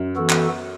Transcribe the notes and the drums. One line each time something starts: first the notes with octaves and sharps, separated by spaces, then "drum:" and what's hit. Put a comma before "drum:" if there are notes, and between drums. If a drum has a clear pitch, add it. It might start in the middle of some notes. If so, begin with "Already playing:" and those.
Already playing: F#2
E3 B3 F#4 A4
drum: clap